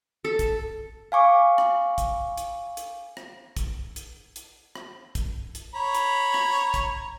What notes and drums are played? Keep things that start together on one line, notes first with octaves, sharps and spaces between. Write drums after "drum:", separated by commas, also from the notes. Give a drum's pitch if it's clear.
A4
drum: kick, hi-hat
F5 G#5 C#6 D6
drum: rim click
drum: kick, hi-hat
drum: hi-hat
drum: hi-hat
drum: rim click
drum: kick, hi-hat
drum: hi-hat
drum: hi-hat
drum: rim click
drum: kick, hi-hat
drum: hi-hat
C#5 A#5 B5
drum: hi-hat
drum: rim click
drum: kick, hi-hat